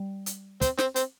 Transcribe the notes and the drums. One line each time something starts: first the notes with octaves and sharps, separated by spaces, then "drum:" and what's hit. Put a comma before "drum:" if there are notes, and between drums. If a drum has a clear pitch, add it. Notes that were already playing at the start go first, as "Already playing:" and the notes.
Already playing: G3
drum: hi-hat
C4, drum: kick, hi-hat
C4, drum: snare
C4, drum: hi-hat